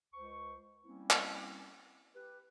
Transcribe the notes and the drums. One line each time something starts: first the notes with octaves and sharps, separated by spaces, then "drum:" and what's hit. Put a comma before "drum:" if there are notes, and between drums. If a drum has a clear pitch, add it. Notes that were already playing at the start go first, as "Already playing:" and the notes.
C#2 C5 C#6
G3 A#3 C4 C#4 E4
drum: clap
G4 B4